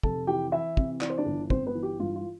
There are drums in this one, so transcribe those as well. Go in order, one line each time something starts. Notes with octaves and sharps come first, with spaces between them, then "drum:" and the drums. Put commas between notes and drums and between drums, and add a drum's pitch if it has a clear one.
F1 A4 A5, drum: kick
E3 G4 G5
E3 E4 E5
C3, drum: kick
E3 D5, drum: clap
C5
D4 D5
G1
G1 C4 C5, drum: kick
B3 B4
E3
G4
G2 F4
F4